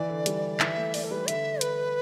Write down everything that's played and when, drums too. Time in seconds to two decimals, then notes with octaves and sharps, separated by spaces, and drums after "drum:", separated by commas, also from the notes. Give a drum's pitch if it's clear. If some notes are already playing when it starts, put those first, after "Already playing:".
Already playing: E3 D5
0.10 D3
0.26 G3, drum: hi-hat
0.60 E3 E5, drum: clap
0.77 A3
0.94 A3 D5, drum: open hi-hat
1.04 A4
1.11 G3 B4
1.28 D3 E5, drum: hi-hat
1.61 B4, drum: hi-hat